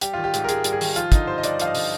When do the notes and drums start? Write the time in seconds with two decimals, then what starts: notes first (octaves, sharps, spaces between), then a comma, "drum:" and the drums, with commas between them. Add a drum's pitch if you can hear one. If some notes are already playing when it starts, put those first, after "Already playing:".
0.01 G3 G4, drum: hi-hat
0.13 D#3 F4
0.24 G4
0.34 G#2, drum: hi-hat
0.44 A#4
0.49 G#2 G#4, drum: hi-hat
0.64 G3, drum: hi-hat
0.73 G#4
0.81 D#3, drum: open hi-hat
0.96 F3 F4, drum: hi-hat
1.12 D3 D#4, drum: kick, hi-hat
1.27 G2 C5
1.38 D#5
1.43 G2 D5, drum: hi-hat
1.60 F3 F5, drum: hi-hat
1.67 D#5
1.75 D3, drum: open hi-hat